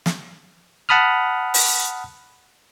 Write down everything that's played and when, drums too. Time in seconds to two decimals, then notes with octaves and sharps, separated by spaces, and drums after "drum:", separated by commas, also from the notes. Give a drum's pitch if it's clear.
0.06 drum: snare
0.89 F#5 A5 B5 D#6 F6
1.54 drum: open hi-hat